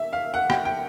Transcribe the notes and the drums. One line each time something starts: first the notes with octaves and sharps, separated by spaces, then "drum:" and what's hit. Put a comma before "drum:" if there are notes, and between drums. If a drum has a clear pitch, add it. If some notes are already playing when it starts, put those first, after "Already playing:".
Already playing: E5
F5
F#5
G5, drum: rim click
G5